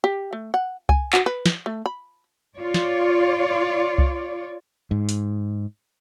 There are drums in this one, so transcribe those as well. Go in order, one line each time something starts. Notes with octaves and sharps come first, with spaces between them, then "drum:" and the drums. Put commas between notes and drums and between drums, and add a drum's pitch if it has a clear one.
G4
A3
F#5
G#5, drum: kick C2
F#4, drum: clap
B4
drum: snare
A3
B5
F4 C#5 D5
drum: snare
drum: kick C2
G#2
drum: hi-hat